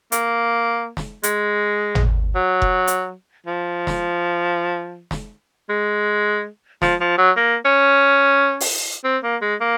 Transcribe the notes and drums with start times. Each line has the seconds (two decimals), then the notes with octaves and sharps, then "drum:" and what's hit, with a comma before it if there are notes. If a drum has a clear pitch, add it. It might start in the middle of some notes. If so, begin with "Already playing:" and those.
0.12 A#3, drum: hi-hat
0.97 drum: snare
1.23 G#3, drum: hi-hat
1.95 drum: tom G#1
2.35 F#3
2.62 drum: kick F1
2.87 drum: hi-hat
3.46 F3
3.87 drum: snare
5.11 drum: snare
5.69 G#3
6.82 F3, drum: snare
7.00 F3
7.18 F#3
7.37 A#3
7.65 C#4
8.60 drum: open hi-hat
9.04 C4
9.23 A#3
9.42 G#3
9.61 A#3